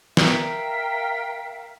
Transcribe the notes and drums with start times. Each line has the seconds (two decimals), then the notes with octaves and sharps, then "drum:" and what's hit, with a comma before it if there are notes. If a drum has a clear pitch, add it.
0.17 A#4 E5 F5 G5, drum: snare